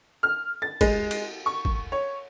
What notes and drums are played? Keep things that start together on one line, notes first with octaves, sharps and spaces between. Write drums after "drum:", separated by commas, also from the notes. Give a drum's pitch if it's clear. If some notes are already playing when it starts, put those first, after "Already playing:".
F6
A6
G#3, drum: kick, cymbal
drum: cymbal
C#6
drum: kick
C#5